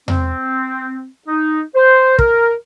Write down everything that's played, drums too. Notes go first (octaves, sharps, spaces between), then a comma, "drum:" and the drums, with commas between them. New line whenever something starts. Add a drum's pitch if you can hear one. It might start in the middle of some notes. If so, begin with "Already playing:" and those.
C4, drum: tom E2
D#4
C5
A#4, drum: kick